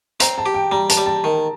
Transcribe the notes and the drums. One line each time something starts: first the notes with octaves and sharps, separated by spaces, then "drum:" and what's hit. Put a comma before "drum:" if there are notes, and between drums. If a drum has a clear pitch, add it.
C4 A#5, drum: hi-hat
A5
G4
G5
G3 A#5
A5, drum: hi-hat
G3
A5
D#3